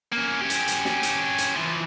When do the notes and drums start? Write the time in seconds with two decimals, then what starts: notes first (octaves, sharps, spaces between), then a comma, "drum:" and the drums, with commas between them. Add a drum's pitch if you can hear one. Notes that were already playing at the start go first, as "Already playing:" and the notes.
0.12 A#3 C#4
0.41 C#4 G4
0.50 drum: hi-hat
0.67 drum: hi-hat
0.85 drum: snare
1.03 drum: hi-hat
1.38 drum: hi-hat
1.56 E3 F3